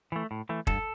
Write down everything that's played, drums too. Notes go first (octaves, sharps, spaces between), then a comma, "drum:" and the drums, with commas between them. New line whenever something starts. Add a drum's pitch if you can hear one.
E3 A3
A2
E3 A3
G2 A4, drum: kick